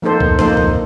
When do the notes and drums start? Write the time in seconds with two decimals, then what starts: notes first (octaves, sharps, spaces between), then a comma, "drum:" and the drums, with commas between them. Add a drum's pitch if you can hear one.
0.02 F3 A#3 D#4 A4 C5
0.20 drum: kick
0.39 F3 A#3 D#4 A4 C5, drum: snare
0.57 drum: kick